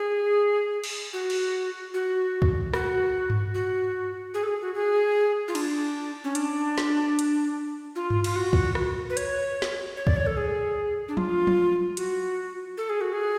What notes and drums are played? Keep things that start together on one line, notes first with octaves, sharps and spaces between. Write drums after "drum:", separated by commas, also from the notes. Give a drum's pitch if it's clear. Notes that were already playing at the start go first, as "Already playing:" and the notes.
Already playing: G#4
drum: cymbal
F#4
drum: cymbal
F#4
drum: kick
F#4, drum: rim click
drum: tom G2
F#4
G#4
A4
G#4
F#4
G#4
F4
D4, drum: cymbal
C#4
D4, drum: hi-hat
drum: snare
drum: hi-hat
F4
drum: tom G2
F4, drum: cymbal
F#4
drum: kick
drum: rim click
B4
C#5, drum: hi-hat
drum: snare
C#5
D5, drum: kick
C#5
A4
G#4
D4
F4, drum: tom
drum: tom
F#4, drum: hi-hat
A4
G#4
F#4
G#4